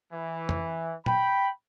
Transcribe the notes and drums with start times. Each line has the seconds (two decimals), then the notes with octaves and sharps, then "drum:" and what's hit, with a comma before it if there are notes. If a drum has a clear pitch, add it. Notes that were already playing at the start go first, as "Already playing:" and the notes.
0.13 E3
0.49 drum: tom F2
1.06 G5 B5, drum: tom